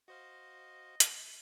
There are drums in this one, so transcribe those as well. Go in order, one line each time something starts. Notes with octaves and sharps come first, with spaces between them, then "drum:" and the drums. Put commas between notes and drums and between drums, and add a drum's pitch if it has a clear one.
F#4 C5 D#5 F5
drum: hi-hat